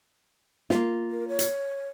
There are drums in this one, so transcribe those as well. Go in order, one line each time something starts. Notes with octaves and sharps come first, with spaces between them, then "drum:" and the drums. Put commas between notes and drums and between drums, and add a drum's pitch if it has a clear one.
A#3 F4, drum: snare
A#4
C#5
drum: hi-hat